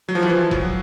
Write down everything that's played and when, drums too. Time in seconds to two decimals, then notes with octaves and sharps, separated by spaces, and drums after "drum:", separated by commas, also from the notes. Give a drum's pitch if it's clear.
0.08 F#3 G#3
0.15 F3
0.23 E3
0.29 F3
0.51 F3 F#3, drum: kick F1